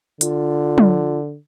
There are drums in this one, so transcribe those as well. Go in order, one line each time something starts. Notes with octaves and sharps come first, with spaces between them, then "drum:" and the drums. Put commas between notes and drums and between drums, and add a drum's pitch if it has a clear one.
D3 F4, drum: hi-hat
drum: tom